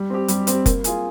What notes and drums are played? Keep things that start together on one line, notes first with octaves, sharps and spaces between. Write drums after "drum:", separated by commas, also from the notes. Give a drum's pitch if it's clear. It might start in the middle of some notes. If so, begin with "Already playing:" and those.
Already playing: G3
C4 G4
G3, drum: hi-hat
C4 G4, drum: hi-hat
A#3, drum: kick F1, hi-hat
F4 G#4, drum: hi-hat